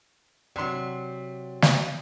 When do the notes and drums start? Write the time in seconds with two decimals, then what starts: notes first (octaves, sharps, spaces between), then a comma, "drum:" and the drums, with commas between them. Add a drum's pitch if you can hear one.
0.56 C3 F#3 D5 C6
1.62 drum: snare